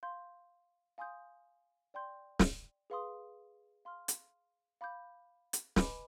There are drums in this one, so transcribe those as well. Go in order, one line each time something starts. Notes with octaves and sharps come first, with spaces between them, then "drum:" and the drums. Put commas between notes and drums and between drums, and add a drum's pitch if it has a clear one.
F5 C6 G6
F5 G#5 C6 D#6 G6
D5 G5 C6 G6
drum: snare
G#4 B4 F5 C6 D#6
F5 C6 F6
drum: hi-hat
F5 B5 D6 G6
drum: hi-hat
B4 D#5 G#5 B5 D6, drum: snare